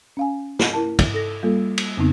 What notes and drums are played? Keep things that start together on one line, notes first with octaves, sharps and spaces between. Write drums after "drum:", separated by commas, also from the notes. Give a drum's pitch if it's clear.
C#4 F5 G#5
drum: snare
E4 A#4 A5
drum: kick, cymbal
A4 A#6
G3 A#3 F4 A4
drum: cymbal
F2 C#3 B3 C4 D#4